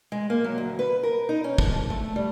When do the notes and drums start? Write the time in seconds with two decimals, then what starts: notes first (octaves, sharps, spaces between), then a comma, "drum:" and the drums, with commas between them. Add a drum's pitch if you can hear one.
0.12 G#3
0.30 A#3
0.44 F#3
0.58 D2
0.79 B4
1.03 A#4
1.29 D#4
1.44 C#4
1.58 A4, drum: kick
1.72 F3
1.90 A3
2.16 G3